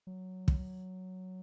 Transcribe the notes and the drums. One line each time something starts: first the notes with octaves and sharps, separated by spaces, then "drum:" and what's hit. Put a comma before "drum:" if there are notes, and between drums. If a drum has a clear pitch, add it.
F#3
drum: kick